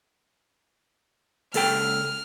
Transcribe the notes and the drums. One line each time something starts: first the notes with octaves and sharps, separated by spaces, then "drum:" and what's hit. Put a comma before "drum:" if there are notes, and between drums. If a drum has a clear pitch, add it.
C#2 A4 G5 F6, drum: cymbal